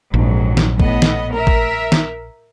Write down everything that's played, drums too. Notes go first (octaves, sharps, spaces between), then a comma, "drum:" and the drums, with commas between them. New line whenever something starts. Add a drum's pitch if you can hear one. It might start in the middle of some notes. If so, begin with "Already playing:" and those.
A#1 F2 G#2 F#3
drum: snare
A2 B3 D#5, drum: kick
drum: snare
A#4 E5
drum: kick
drum: snare